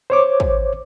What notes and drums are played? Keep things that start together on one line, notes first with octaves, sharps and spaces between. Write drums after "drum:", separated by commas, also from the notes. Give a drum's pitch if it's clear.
C5 C#5 D6
drum: kick